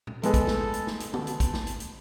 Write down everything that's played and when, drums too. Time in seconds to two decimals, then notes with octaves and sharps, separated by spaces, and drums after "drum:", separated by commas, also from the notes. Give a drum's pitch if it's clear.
0.07 drum: tom A#2
0.23 G#3 B3 G#4 A4, drum: hi-hat
0.34 drum: kick, hi-hat
0.47 drum: snare A3
0.74 drum: hi-hat
0.87 drum: snare A3
1.00 drum: hi-hat
1.14 A5, drum: tom
1.27 drum: hi-hat
1.40 drum: kick, hi-hat
1.53 drum: snare A3
1.67 drum: hi-hat
1.80 drum: hi-hat